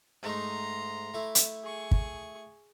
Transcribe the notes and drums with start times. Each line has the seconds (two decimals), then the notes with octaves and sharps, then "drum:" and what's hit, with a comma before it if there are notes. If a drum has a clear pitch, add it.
0.23 G#2 A3 D#4 A#5 C6
1.14 A3 E4
1.35 drum: hi-hat
1.63 G#4 C#6
1.91 drum: kick